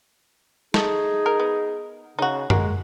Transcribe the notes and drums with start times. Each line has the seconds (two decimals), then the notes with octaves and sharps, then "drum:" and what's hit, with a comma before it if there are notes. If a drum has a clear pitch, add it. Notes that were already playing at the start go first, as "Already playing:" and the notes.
0.74 A3 D#4 G#4, drum: snare
1.26 A#4
1.40 B3
2.19 C#3 D#4 F#4
2.50 G#3 A#3 F#4, drum: tom F#2